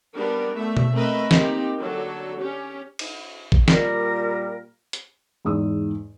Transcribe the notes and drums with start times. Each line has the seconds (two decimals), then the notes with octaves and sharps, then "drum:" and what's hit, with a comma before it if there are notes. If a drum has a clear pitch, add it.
0.16 G3 B3 D4 A#4
0.55 A3 E5
0.77 drum: tom B2
0.94 A3 C4 A#4 B4 D#5 E5
1.31 A#3 C4 D#4 G4, drum: snare
1.80 D3 F#3 A4
2.41 C#4 G4
2.99 drum: cymbal
3.52 drum: kick A1
3.68 A#2 G3 A#4, drum: snare
4.93 drum: hi-hat
5.45 E2 G#2 D#6 E6